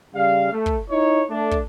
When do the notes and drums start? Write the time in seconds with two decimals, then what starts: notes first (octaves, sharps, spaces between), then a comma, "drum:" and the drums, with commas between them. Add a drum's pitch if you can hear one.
0.14 C#3 G3 F5
0.52 A3
0.66 drum: kick
0.89 D#4 E4 C#5
1.29 A3 D4
1.51 drum: kick